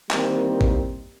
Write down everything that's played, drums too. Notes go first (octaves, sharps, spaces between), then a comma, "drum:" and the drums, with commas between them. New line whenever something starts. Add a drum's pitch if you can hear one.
D#3 E3 G3 A#3 C4, drum: clap
drum: kick G#1